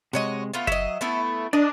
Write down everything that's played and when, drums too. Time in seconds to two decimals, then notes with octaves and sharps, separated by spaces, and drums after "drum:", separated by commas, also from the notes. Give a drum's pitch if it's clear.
0.13 C3 G#3 F#4 C#5 D#5
0.54 A3 B3 F4
0.67 F#3 D#5 E5, drum: kick F#1
1.01 A3 B3 E4
1.53 D4 A#4 D5 D#5